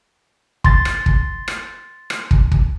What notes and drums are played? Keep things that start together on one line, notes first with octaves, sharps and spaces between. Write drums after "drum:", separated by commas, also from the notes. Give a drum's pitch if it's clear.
C6 A6, drum: kick
drum: rim click
drum: kick
drum: rim click
drum: rim click
drum: kick
drum: kick